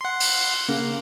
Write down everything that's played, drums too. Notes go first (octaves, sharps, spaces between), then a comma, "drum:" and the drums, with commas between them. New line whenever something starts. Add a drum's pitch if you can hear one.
F#5 C6
drum: open hi-hat
C#3 A#3